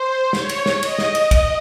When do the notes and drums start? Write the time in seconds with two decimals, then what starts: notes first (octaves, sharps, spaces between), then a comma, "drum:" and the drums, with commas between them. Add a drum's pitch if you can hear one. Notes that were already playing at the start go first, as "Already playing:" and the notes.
Already playing: C5
0.33 C#5, drum: snare
0.49 drum: cymbal
0.66 drum: snare
0.83 D#5, drum: cymbal
0.98 drum: snare
1.15 drum: cymbal
1.31 drum: kick, cymbal